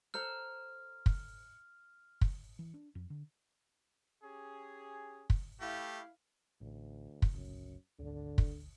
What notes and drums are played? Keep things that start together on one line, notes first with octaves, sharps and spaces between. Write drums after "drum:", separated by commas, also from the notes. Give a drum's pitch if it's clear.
A4 C5 A#5 F6
drum: kick
drum: kick
E3
D4
F2
D3
C#4 G4 G#4
drum: kick
A3 E4 G4 F5
A1 D2
drum: kick
G1 C#2 F#2
G#1 D2 D3
drum: kick